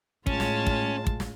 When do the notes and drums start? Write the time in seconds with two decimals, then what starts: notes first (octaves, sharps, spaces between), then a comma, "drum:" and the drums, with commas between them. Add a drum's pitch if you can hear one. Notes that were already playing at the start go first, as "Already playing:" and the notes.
0.27 A2 G#3 C#4 F4 A5, drum: kick
0.40 drum: snare
0.67 drum: kick
1.07 drum: kick
1.20 drum: snare